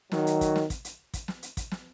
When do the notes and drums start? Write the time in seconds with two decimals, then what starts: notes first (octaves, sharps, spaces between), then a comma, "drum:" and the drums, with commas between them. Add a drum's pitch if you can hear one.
0.12 D#3 F#3, drum: snare
0.27 drum: hi-hat
0.41 drum: kick, hi-hat
0.56 drum: snare
0.70 drum: kick, hi-hat
0.85 drum: hi-hat
1.14 drum: kick, hi-hat
1.28 drum: snare
1.43 drum: hi-hat
1.57 drum: kick, hi-hat
1.71 drum: snare